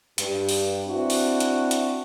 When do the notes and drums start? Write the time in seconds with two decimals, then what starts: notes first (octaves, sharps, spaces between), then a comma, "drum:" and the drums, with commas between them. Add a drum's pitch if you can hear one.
0.18 G2, drum: hi-hat
0.49 drum: open hi-hat
0.88 C4 D4 E4 F#4
1.10 drum: open hi-hat
1.40 drum: hi-hat
1.71 drum: hi-hat